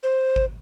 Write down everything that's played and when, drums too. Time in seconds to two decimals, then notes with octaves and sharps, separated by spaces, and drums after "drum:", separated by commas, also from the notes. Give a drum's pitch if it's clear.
0.03 C5
0.36 drum: kick G#1